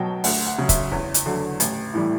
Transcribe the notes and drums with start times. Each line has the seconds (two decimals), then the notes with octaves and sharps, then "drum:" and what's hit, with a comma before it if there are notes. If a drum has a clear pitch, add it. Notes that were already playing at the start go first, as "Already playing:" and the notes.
Already playing: B1 B2 F#3 G5 A5
0.24 D2 F#5, drum: open hi-hat
0.47 F#5
0.58 C#3 F#3
0.69 E5, drum: kick, hi-hat
0.91 E2 C#5
1.14 drum: hi-hat
1.26 D3 F#3
1.60 A1, drum: hi-hat
1.94 A2 E3 G3